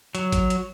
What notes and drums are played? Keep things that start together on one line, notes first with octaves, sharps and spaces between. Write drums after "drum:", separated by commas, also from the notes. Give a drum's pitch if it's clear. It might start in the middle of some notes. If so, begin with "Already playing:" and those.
F#3, drum: hi-hat
drum: kick G#1, hi-hat
drum: hi-hat